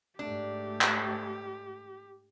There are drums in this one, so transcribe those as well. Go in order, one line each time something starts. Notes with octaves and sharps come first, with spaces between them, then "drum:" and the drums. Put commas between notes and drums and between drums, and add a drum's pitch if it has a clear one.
G#2 A3 D4 G4
drum: clap